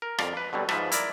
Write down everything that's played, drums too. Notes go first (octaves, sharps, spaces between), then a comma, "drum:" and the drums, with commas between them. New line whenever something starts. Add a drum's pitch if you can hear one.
A#4
F2 D5 F5, drum: rim click
B4
B2 D3 F#3 G3
G#2 F3 B4 E5, drum: rim click
E4 A#4 D5, drum: hi-hat